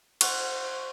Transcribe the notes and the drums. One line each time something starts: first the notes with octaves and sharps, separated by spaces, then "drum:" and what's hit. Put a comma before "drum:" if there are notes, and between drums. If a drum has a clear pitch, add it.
C5 F#5 C#6, drum: cymbal